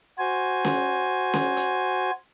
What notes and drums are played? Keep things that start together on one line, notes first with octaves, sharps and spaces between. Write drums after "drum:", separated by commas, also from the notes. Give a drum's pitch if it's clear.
F#4 C5 G#5
drum: snare C#4
drum: snare C#4
drum: hi-hat